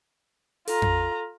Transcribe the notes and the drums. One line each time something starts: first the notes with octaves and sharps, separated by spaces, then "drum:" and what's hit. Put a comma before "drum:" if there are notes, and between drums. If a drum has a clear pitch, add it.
F4 A4 A#5, drum: open hi-hat
drum: tom F2